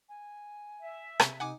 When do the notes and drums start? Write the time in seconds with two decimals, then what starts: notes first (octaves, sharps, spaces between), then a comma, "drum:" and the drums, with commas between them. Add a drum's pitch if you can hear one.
0.09 G#5
0.80 E5
1.20 C3, drum: rim click
1.40 D#4 F#5 G#5 D6